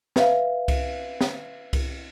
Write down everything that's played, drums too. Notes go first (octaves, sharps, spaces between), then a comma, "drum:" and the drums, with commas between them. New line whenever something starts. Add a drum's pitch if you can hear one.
B4 E5 F5, drum: snare
drum: kick C2, cymbal
drum: snare
drum: kick C2, cymbal